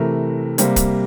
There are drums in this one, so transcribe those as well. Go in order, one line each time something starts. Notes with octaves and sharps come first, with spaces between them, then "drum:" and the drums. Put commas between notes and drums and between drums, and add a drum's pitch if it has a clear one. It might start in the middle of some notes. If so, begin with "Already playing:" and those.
Already playing: C3 E3 A3 A#4
C3 G3 A#3 C5, drum: hi-hat
drum: kick, hi-hat